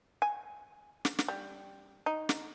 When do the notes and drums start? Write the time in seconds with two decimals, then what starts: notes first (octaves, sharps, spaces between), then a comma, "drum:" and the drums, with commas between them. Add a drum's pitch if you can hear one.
0.22 G#5
1.05 drum: snare
1.19 drum: snare
1.28 G3
2.06 D#4
2.29 drum: snare